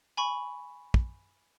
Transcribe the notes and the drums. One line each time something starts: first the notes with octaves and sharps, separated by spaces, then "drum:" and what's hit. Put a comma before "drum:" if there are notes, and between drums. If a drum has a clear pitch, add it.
G#5 B5 C#6
drum: kick